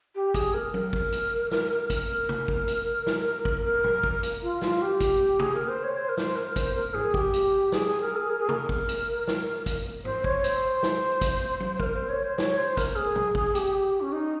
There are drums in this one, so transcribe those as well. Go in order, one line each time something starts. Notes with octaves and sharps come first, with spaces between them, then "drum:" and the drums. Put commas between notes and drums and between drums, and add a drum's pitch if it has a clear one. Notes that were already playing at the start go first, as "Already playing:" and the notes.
G4
G#4, drum: kick, hi-hat
A#4
A#4, drum: tom F#3
drum: kick
drum: hi-hat
drum: snare
A#4, drum: kick, hi-hat
drum: tom
drum: kick
drum: hi-hat
drum: snare
drum: kick
A#4
drum: tom
drum: kick
drum: hi-hat
F4
F4, drum: snare
G4
drum: kick, hi-hat
G#4, drum: tom
A#4
C5
C#5
C5
A#4
C5, drum: snare
A#4
C5, drum: kick, hi-hat
A#4
G#4, drum: tom G#2
G4, drum: kick
drum: hi-hat
G#4, drum: snare
G#4
A#4
G#4
A#4
G#4
A#4, drum: tom
drum: kick
drum: hi-hat
drum: snare
drum: kick, hi-hat
C5, drum: tom G#2
C#5, drum: kick
C5, drum: hi-hat
drum: snare
drum: kick, hi-hat
drum: tom F#3
A#4, drum: kick
C5
C#5
C5
C#5, drum: snare
C5
A#4, drum: kick, hi-hat
G#4
drum: tom
drum: kick
G4, drum: hi-hat
C#4
D#4